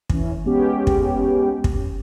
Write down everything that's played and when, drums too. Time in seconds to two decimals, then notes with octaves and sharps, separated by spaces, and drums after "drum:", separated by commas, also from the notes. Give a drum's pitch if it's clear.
0.10 E3 C#4, drum: kick
0.44 G#3 B3 C#4 G4
0.87 drum: kick
1.64 drum: kick